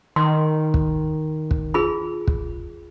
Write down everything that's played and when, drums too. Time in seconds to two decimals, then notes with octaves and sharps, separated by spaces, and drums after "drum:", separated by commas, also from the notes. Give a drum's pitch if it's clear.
0.16 D#3 C6
0.74 drum: kick
1.51 drum: kick
1.74 F4 G#4 B5
2.27 drum: kick